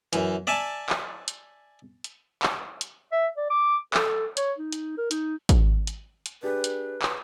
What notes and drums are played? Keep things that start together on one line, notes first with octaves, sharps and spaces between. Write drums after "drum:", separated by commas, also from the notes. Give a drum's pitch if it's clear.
F#2 E3, drum: hi-hat
D5 E5 G#5 A5
drum: clap
drum: hi-hat
drum: hi-hat
drum: clap
drum: hi-hat
E5
D5
D6
A4, drum: clap
C#5, drum: hi-hat
D#4
drum: hi-hat
A#4
D#4, drum: hi-hat
drum: kick, hi-hat
drum: hi-hat
drum: hi-hat
D4 G4 G#4 B4
drum: hi-hat
drum: clap